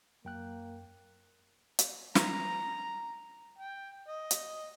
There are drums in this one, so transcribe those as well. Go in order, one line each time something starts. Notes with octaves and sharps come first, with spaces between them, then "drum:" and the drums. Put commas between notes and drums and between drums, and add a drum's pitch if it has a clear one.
F#2 A#3 G5 F#6
drum: hi-hat
A#5, drum: snare
G5
D#5
drum: hi-hat